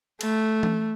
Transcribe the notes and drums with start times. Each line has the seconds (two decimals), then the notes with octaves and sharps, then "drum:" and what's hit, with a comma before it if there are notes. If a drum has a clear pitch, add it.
0.21 A3, drum: cymbal
0.63 drum: tom E3